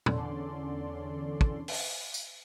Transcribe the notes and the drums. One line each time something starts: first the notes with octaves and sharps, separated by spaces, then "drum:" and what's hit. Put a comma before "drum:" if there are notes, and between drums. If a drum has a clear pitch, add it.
E2 D3 C#4 A4 D5 C6, drum: tom
drum: kick
drum: open hi-hat
drum: tambourine